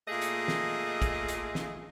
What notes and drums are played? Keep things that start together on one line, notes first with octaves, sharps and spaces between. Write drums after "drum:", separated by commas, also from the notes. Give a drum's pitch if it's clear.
A#2 A3 G#4 D#5 F5
drum: hi-hat
drum: snare
drum: kick, hi-hat
drum: hi-hat
drum: snare